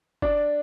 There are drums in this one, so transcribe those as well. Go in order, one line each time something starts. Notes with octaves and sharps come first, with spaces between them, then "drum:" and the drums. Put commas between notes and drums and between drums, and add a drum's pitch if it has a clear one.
D4, drum: kick